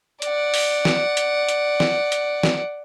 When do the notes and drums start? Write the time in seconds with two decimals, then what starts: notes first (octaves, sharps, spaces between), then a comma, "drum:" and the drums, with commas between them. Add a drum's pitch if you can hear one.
0.22 D5 F#5, drum: hi-hat
0.54 drum: open hi-hat
0.85 drum: snare
1.17 drum: hi-hat
1.49 drum: hi-hat
1.80 drum: snare
2.12 drum: hi-hat
2.43 drum: snare